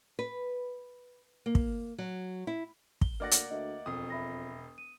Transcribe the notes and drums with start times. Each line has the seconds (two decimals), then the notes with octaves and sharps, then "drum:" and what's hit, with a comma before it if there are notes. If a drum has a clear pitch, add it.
0.19 B4
1.46 A#3
1.55 drum: kick
1.98 F#3
2.47 E4
3.01 G7, drum: kick
3.20 D2 A#3 D5 F#5 F6 A6 A#6
3.31 drum: hi-hat
3.50 D2 D#5 E5
3.86 E1 F2 G5 D#6
4.10 E5 B5 A#6
4.78 D#7